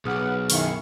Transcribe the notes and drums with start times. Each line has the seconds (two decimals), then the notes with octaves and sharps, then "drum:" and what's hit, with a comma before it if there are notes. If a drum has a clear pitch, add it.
0.05 B1 G#4 B4 F#5 D#6 F6
0.50 F#2 D#3 E4 F5 C#6, drum: open hi-hat